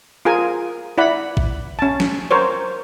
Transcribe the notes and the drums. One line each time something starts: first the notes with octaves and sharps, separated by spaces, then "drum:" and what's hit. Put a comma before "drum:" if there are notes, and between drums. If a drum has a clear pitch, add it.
F4 G#4 A#4 G#5
E4 D5 F#5 B5
drum: kick A#1
C#4 A5
drum: snare
A#4 C5 C#5